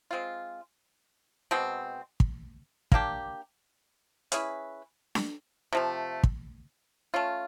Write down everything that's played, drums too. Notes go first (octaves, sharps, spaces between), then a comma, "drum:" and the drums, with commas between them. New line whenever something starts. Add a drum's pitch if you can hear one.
G#3 C4 F4
B2 G#3 C4
drum: kick
A#3 D4 G4, drum: kick
C#4 E4 G#4 B4, drum: hi-hat
drum: snare D4
C3 F3 A3
drum: kick
A3 C#4 F4